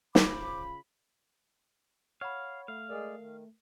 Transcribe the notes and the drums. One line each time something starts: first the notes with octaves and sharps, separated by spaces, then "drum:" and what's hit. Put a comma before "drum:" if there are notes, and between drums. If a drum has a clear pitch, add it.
C#3 F4 C5 B5 D6, drum: snare
C#5 F5 F#5 B5
A3 F5
G#3 G#4 A#4 D5
D#3